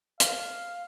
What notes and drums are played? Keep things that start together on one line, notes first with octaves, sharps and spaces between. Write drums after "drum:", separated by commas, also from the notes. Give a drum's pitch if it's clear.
F5, drum: hi-hat